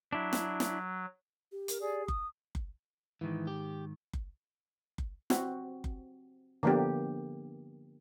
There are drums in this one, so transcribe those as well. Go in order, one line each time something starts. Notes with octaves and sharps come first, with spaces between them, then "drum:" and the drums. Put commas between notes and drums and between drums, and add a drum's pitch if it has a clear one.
F#3 D4 E4
drum: snare
drum: snare
G4
A#4, drum: hi-hat
G#4 D5
D#6, drum: kick F#1
drum: kick F#1
G#2 D#3 E3
G4
drum: kick F#1
drum: kick F#1
C4 F#4, drum: snare
drum: kick F#1
D3 F3 A#3 B3 G4